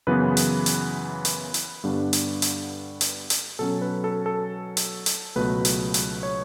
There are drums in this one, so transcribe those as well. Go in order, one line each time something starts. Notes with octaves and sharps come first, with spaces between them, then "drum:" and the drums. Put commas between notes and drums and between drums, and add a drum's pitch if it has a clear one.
F#2 C#3 E3 B3 B4
drum: hi-hat
drum: hi-hat
drum: hi-hat
drum: hi-hat
G2 D3 G3 B3 D4
drum: hi-hat
drum: hi-hat
drum: hi-hat
drum: hi-hat
B2 F#3 C#4 A4
B4
A4
A4
drum: hi-hat
drum: hi-hat
C#2 B2 F#3 A3 B4
drum: hi-hat
drum: hi-hat
C#5